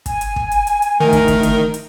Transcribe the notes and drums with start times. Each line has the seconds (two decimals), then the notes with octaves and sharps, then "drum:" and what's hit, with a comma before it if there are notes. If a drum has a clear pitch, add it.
0.06 G#5, drum: kick, hi-hat
0.21 drum: hi-hat
0.36 drum: kick
0.52 drum: hi-hat
0.67 drum: hi-hat
0.82 drum: hi-hat
1.00 D#3 A3 A#4
1.13 drum: kick, hi-hat
1.28 drum: kick, hi-hat
1.43 drum: hi-hat
1.74 drum: hi-hat